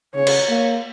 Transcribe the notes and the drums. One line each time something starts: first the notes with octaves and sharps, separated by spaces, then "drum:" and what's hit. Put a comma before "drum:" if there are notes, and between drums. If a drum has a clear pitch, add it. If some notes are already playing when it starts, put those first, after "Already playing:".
C#3 C#5
drum: cymbal
A#3